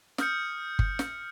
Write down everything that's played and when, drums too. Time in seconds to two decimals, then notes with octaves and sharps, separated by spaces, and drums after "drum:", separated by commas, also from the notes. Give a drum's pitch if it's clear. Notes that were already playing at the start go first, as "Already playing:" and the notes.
0.18 D#6 F6 G6 C#7, drum: snare
0.79 drum: kick G1
0.99 drum: snare